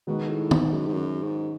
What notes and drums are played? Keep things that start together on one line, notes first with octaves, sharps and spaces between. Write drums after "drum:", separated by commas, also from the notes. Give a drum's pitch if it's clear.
B2 D#3 G#3 D#4 F#4
A2
G#2, drum: tom
F#2
G#2
F#2
G#2